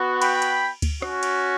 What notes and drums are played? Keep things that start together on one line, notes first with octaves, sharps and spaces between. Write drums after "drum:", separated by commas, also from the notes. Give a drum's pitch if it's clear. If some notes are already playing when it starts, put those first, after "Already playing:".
Already playing: B3 F#4
G5 B5, drum: cymbal
drum: cymbal
drum: kick D2, cymbal
C#4 F#4, drum: rim click
drum: cymbal